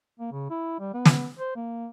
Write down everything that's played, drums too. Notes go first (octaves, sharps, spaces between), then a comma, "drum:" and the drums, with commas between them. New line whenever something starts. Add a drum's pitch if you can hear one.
A#3
C#3
E4
G3
B3
drum: snare
C5
A#3